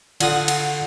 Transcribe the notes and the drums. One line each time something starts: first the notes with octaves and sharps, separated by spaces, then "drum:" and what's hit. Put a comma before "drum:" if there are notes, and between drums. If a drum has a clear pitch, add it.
D3 F4 F#5 D#6, drum: cymbal
drum: cymbal